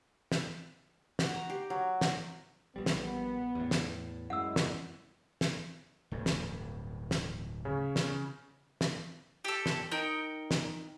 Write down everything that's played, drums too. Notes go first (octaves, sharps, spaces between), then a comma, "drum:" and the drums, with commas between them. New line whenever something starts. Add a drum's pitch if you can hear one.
drum: snare
F#4, drum: snare
A#5
G4
F#3
drum: snare
A#1 G3 B3
drum: snare
E2 A2
drum: snare
F#2 G#3 E4 F#5 E6
drum: snare
drum: snare
D1 G2
drum: snare
drum: snare
C#3 C#4
drum: snare
drum: snare
G4 A4
drum: snare
D#4 A#4 G5 G6
drum: snare